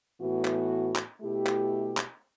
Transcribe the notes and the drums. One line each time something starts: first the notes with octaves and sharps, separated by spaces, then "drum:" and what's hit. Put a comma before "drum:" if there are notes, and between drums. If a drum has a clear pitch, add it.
A2 E3 B3 F#4
drum: clap
drum: clap
B2 A3 E4 G4
drum: clap
drum: clap